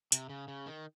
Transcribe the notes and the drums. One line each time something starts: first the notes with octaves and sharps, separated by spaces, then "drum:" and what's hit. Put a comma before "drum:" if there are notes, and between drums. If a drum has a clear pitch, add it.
C3, drum: hi-hat
C#3
C#3
D#3